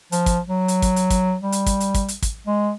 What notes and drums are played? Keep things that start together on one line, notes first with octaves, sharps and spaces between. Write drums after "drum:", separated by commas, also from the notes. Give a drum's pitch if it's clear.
F3, drum: hi-hat
drum: kick, hi-hat
F#3
drum: hi-hat
drum: kick, hi-hat
drum: hi-hat
drum: kick, hi-hat
G3
drum: hi-hat
drum: kick, hi-hat
drum: hi-hat
drum: kick, hi-hat
drum: hi-hat
drum: kick, hi-hat
G#3